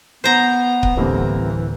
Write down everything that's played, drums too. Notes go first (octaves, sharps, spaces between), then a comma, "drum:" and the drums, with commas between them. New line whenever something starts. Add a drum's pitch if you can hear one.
B3 C5 A#5
drum: kick C#1
D2 A2 D3 E3 G3 A#3 C4